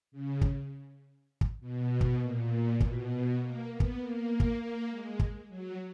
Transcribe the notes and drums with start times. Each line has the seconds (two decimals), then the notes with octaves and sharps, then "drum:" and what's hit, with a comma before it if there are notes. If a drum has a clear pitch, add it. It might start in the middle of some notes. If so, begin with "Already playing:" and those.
0.12 C#3
0.41 drum: kick
1.41 drum: kick
1.60 B2
2.01 drum: kick
2.21 A#2
2.80 B2, drum: kick
3.40 A#3
3.70 B3
3.80 drum: kick
4.00 A#3
4.40 drum: kick
4.60 A#3
4.90 G#3
5.19 drum: kick
5.49 F#3